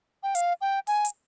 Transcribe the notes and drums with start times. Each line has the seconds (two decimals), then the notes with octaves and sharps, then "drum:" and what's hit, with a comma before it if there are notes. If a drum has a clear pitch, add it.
0.23 G5
0.35 F5, drum: hi-hat
0.61 G5
0.87 G#5, drum: open hi-hat
1.05 drum: hi-hat